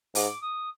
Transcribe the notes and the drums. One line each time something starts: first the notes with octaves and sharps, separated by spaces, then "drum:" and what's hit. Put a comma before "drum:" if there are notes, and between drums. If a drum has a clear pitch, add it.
G#2 D6, drum: open hi-hat
D#6